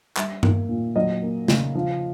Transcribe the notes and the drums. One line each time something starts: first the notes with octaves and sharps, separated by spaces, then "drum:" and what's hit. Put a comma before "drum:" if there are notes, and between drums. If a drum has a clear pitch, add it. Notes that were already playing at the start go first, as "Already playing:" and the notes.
G3 E5, drum: clap
A#3, drum: tom G2
A#2
F#3 D#5
A#3
C#3, drum: snare
F3